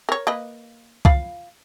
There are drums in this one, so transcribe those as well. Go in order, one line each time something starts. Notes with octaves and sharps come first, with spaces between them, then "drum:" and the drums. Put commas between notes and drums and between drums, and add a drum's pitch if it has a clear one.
A#4 C#5
A#3 B4 D#5
F4 F5 B5, drum: kick C2